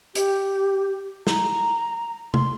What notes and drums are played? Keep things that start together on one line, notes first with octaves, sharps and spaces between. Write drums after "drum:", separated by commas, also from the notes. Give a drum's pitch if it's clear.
G4, drum: hi-hat
A#5, drum: snare
C6, drum: tom C3